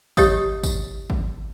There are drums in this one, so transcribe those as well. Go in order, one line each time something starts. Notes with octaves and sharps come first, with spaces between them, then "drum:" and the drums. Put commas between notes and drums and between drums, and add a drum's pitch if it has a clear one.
G4 C#5 D#5 D#6, drum: kick, tambourine
drum: kick, tambourine
drum: kick